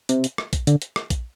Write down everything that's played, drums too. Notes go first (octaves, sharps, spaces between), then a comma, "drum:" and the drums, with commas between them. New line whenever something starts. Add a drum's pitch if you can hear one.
C3, drum: hi-hat
drum: hi-hat
drum: rim click
drum: kick A#1, hi-hat
D3, drum: hi-hat
drum: hi-hat
drum: rim click
drum: kick A#1, hi-hat